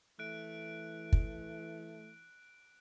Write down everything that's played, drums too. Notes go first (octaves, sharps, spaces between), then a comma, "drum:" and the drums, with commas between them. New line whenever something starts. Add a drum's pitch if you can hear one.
E3 A3 F#6 D7
drum: kick